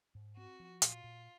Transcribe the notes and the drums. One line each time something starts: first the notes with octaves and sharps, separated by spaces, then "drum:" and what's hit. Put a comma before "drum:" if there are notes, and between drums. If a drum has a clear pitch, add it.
G#2
C4 F#4
F3
A#2 F4, drum: hi-hat
A#2